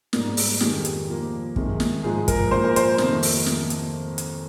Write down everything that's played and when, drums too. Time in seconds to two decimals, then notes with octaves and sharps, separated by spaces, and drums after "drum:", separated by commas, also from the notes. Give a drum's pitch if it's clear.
0.13 G#2 G3 A#3, drum: snare
0.37 drum: open hi-hat
0.60 F2 D#3 G#3 G4, drum: snare
0.85 drum: hi-hat
1.08 A#2 F3 A#3
1.56 C3 D#3 G#3, drum: kick
1.80 drum: snare
2.03 G#2 F3 G#3 G#4
2.28 A#4, drum: kick, hi-hat
2.51 A#2 F3 A#3 C5
2.64 A#4
2.76 C5, drum: hi-hat
2.98 F2 C3 D#3 A#3, drum: snare
3.23 drum: open hi-hat
3.46 drum: snare
3.70 drum: hi-hat
4.18 drum: hi-hat